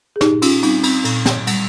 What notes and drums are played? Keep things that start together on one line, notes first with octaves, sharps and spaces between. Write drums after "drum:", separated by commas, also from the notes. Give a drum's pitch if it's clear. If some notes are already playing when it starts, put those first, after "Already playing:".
G#4
A#2 D#4 G4, drum: snare
C#4 F4, drum: cymbal
G3 C4 D#4, drum: cymbal
C4, drum: cymbal
A#2, drum: cymbal
drum: snare
G3, drum: cymbal